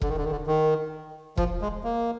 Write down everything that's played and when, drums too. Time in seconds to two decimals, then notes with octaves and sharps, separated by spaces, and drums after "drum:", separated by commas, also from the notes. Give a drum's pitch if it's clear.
0.01 D3, drum: kick E1
0.09 D#3
0.17 D3
0.24 D#3
0.32 D3
0.47 D#3
1.37 F3, drum: kick E1
1.61 G#3
1.84 A#3